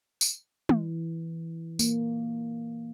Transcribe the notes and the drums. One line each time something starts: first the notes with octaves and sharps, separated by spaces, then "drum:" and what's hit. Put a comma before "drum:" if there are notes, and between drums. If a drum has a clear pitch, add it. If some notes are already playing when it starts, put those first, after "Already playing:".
drum: tambourine
E3, drum: tom
A#3, drum: tambourine